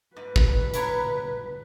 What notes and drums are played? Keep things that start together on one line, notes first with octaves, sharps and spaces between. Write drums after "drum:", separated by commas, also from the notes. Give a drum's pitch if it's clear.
G#2 B4
drum: kick
E4 C#5 A#5, drum: hi-hat